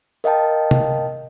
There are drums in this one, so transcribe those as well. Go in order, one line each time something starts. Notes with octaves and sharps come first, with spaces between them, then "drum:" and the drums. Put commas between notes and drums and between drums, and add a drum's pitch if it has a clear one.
A#4 D#5 F5 G5 A5
drum: tom